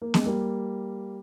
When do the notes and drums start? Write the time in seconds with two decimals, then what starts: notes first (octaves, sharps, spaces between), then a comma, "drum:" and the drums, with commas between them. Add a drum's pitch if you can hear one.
0.02 A#3
0.14 G#3, drum: snare B3
0.26 G3 A#3